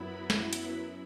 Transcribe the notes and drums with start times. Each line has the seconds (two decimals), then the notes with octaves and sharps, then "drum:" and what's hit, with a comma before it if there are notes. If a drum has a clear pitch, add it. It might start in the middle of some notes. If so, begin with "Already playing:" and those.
Already playing: F#2 F#3 B3 E4 B5
0.30 drum: snare
0.53 drum: hi-hat
0.75 F#2